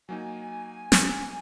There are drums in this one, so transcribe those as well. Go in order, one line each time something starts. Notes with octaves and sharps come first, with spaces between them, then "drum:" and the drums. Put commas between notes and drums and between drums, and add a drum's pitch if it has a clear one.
F#3 A#3 D#4 G#5
drum: snare